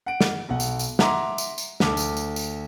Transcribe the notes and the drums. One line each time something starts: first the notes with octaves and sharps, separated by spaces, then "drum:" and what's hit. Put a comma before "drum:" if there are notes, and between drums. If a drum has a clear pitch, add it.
F#5 D7
drum: snare
B1 F#5
drum: tambourine
drum: tambourine
E5 F#5 A#5 C6 D6, drum: snare
drum: tambourine
drum: tambourine
D2 A4 A5 D6, drum: snare
drum: tambourine
drum: tambourine
drum: tambourine